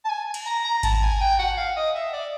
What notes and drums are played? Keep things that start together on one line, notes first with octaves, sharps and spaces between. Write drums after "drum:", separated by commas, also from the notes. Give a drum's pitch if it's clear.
A5
G#5
drum: cymbal
A#5
A#5
A5, drum: kick G#1, cymbal
G#5
G5
F#5
F5
D#5
E5
D5